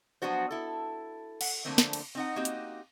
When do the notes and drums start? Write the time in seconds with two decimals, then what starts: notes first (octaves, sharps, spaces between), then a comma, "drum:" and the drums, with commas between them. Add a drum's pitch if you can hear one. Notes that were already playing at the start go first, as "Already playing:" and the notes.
0.22 F3 F#3 B3 D4 F#4 C5
0.51 E4 A4
1.41 F#5, drum: cymbal
1.65 D3 F3 A3 A#3 C4
1.78 drum: snare
1.93 drum: cymbal
2.15 C4 D#4 F#5
2.36 A#3 C4 D#4 F#4 G4
2.45 drum: hi-hat